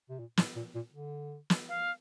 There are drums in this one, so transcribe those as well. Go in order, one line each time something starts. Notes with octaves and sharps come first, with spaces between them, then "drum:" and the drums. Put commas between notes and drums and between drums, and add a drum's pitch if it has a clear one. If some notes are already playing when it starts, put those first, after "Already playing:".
C3
A#2
A2, drum: snare
A#2
A#2
D3
drum: snare
F5